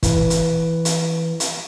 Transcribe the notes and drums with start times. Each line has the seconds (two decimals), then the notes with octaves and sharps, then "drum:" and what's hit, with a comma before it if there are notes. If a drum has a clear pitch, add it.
0.03 E3 B4, drum: kick, hi-hat
0.30 drum: hi-hat
0.85 drum: hi-hat
1.40 drum: hi-hat